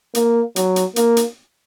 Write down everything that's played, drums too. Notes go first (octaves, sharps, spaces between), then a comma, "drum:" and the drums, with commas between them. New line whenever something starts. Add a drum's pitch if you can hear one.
A#3, drum: hi-hat
F#3, drum: hi-hat
drum: hi-hat
A#3, drum: hi-hat
drum: hi-hat